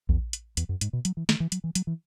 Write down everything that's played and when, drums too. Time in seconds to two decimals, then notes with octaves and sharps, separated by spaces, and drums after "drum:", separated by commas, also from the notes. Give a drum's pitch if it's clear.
0.09 E2, drum: kick A#1
0.33 drum: hi-hat
0.57 E2, drum: hi-hat
0.69 F#2
0.81 G#2, drum: hi-hat
0.93 B2
1.05 F#3, drum: hi-hat
1.17 E3
1.29 D#3, drum: snare
1.40 E3
1.52 F#3, drum: hi-hat
1.64 E3
1.75 F#3, drum: hi-hat
1.87 E3